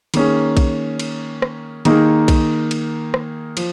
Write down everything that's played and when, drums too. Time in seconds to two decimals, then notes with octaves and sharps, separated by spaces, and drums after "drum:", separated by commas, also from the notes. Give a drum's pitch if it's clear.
0.14 D#3 A#3 C#4 G#4, drum: cymbal
0.57 drum: kick B1, cymbal
0.99 drum: cymbal
1.42 drum: rim click
1.85 D#3 A#3 D#4 G#4, drum: cymbal
2.28 drum: kick B1, cymbal
2.71 drum: cymbal
3.14 drum: rim click
3.57 F3, drum: cymbal